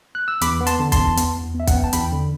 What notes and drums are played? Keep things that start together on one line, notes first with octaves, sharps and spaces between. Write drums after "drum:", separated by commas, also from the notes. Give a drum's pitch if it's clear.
F#6
E6
E2 B5 D6, drum: hi-hat
B3
A5 C6, drum: hi-hat
D3
A5 C6, drum: kick, hi-hat
E2
B3, drum: hi-hat
E2
B3 E5
F#5, drum: kick, hi-hat
B3 G5
A5
E2 G5 B5, drum: hi-hat
D3